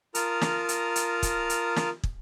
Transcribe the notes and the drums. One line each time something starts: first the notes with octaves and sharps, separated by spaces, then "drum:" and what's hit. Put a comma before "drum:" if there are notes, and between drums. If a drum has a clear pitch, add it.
F4 A#4 A5 A#5 D#6 F6, drum: hi-hat
drum: snare
drum: hi-hat
drum: hi-hat
drum: kick, hi-hat
drum: hi-hat
drum: snare
drum: kick